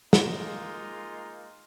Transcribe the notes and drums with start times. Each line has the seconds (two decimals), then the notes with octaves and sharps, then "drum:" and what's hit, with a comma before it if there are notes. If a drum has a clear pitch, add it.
0.13 G#3 A#3 D#4 F4, drum: snare